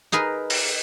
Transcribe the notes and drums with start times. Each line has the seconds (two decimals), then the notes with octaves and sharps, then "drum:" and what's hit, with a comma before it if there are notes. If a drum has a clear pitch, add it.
0.12 D#4 G#4 A#4 B4
0.50 drum: open hi-hat